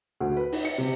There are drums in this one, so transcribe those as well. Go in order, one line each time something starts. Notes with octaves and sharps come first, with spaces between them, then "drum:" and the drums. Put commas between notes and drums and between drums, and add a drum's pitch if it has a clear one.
D2
B4
D#4, drum: open hi-hat
C#7
C3